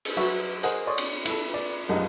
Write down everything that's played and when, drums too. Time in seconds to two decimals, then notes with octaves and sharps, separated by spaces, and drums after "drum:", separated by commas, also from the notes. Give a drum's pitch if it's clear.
0.05 drum: cymbal
0.17 F#3 F#4 B4 E5 C#6
0.63 G#4 A#4 C5 D#5 F#5, drum: hi-hat
0.87 C#5 D5 C6 C#6 D#6
0.98 drum: cymbal
1.25 E4 A4, drum: cymbal
1.54 D5
1.89 A#1 F#2 G3 G#3 D#4 F4